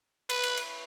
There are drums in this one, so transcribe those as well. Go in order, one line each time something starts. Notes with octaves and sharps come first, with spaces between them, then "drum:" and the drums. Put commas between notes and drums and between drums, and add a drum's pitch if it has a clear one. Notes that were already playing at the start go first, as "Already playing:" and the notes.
B4, drum: cymbal
drum: cymbal
drum: cymbal